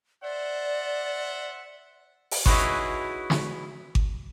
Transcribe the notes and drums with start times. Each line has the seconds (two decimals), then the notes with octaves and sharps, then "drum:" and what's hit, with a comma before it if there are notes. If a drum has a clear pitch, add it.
0.23 C5 D5 E5 F#5
2.31 drum: open hi-hat
2.46 D#4 E4 F#4 G#4 B4 C#5, drum: kick G#1
3.30 drum: snare
3.95 drum: kick G#1